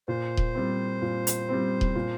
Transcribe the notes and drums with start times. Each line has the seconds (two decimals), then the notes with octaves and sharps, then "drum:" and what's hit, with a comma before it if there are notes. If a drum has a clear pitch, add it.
0.08 A#2 C5
0.37 drum: kick D#1
0.55 G3 C4
1.02 A#2
1.27 drum: hi-hat
1.49 G3 C4
1.81 drum: kick D#1
1.96 A#2